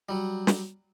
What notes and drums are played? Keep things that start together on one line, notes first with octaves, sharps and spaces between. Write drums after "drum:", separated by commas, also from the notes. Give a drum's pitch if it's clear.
F#3 G3
drum: snare